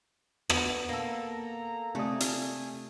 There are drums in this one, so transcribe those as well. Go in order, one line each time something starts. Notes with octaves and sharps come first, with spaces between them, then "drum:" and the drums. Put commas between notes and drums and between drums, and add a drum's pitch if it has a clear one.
B3, drum: rim click
A#3 A4 A#5
C3 A3 D5 G#5 D#6
drum: hi-hat